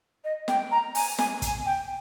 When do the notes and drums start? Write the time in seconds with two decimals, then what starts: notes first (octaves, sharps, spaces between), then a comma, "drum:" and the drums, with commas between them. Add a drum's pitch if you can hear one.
0.24 D#5
0.48 G5, drum: snare
0.71 A#5
0.95 G#5, drum: open hi-hat
1.19 G#5, drum: snare
1.42 G#5, drum: kick, hi-hat
1.65 G5